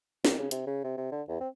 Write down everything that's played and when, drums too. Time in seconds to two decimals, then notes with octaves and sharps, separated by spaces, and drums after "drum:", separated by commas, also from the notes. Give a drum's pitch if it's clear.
0.25 D#3, drum: snare
0.39 C#3
0.51 C3, drum: hi-hat
0.67 C#3
0.84 C3
0.97 C3
1.12 D3
1.29 E2
1.41 C4